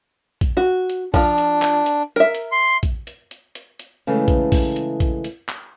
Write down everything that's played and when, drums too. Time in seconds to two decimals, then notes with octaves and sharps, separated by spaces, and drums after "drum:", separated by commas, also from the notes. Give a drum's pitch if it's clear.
0.41 drum: kick A#1, hi-hat
0.57 F#4
0.90 drum: hi-hat
1.14 F3 D4 F4, drum: kick A#1, hi-hat
1.38 drum: hi-hat
1.62 drum: clap
1.86 drum: hi-hat
2.16 A#4 E5
2.35 drum: hi-hat
2.52 C6
2.83 drum: kick A#1, hi-hat
3.07 drum: hi-hat
3.31 drum: hi-hat
3.55 drum: hi-hat
3.80 drum: hi-hat
4.07 C#3 E3 G#3 A3
4.28 drum: kick A#1, hi-hat
4.52 drum: kick A#1, open hi-hat
4.76 drum: hi-hat
5.00 drum: kick A#1, hi-hat
5.24 drum: hi-hat
5.49 drum: clap